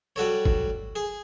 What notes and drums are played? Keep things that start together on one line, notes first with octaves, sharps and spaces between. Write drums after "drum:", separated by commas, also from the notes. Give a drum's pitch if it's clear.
G3 F#4 A4 C#5
drum: kick G1
G#4